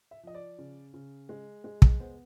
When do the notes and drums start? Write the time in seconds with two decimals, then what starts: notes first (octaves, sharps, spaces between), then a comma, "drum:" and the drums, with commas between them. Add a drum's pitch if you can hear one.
0.11 E5
0.23 F3 D#5
0.34 D5
0.58 C#3
0.94 C#3
1.29 G#3
1.64 G#3
1.82 drum: kick
2.00 B3 C5